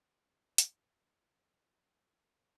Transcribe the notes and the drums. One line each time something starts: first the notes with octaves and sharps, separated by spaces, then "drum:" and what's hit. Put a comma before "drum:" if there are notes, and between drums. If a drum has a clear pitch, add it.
F2
G#2, drum: hi-hat
F2
F2